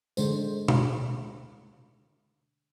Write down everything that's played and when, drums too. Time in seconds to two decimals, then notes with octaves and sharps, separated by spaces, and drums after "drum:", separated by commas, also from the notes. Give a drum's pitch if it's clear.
0.17 D3 G#3 C5, drum: tambourine
0.68 drum: tom B2